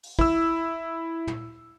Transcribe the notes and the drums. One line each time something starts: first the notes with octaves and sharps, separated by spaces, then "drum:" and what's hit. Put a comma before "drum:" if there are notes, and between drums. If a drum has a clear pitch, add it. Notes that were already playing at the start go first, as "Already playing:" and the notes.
drum: open hi-hat
E4 E6, drum: kick
drum: tom